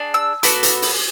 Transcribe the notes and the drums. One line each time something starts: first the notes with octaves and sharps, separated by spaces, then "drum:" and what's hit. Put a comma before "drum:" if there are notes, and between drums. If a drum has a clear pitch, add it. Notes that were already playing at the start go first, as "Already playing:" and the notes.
Already playing: D4 G#4
E6
B3 F#4 A4 D6, drum: hi-hat
drum: hi-hat
drum: open hi-hat